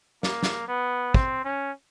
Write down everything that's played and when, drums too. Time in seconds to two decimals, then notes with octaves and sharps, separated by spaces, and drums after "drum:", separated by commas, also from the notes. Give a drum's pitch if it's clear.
0.23 A#3, drum: snare
0.43 drum: snare
0.68 B3
1.14 C4, drum: kick
1.45 C#4